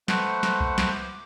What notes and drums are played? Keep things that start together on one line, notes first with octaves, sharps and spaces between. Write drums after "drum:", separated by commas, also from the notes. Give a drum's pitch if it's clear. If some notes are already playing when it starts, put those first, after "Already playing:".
A3 B4 C5 F#5, drum: snare
drum: snare
drum: kick C2
drum: snare
D6